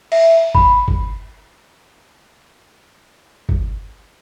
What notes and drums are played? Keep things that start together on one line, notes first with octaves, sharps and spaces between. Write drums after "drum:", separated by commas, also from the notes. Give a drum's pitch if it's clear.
E5, drum: cymbal
B5, drum: kick G1
drum: kick G1
drum: kick G1